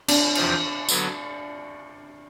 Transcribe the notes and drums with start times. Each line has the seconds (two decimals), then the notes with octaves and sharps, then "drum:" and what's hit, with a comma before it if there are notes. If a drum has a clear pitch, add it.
0.08 D4, drum: cymbal
0.35 E2 C3 F3, drum: cymbal
0.89 D3 F#3 B3, drum: tambourine